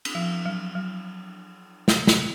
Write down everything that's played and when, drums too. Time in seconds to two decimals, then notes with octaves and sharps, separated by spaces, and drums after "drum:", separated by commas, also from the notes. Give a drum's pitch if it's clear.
0.05 drum: cymbal
0.15 F3
0.46 F#3
0.75 F#3
1.88 drum: snare
2.07 drum: snare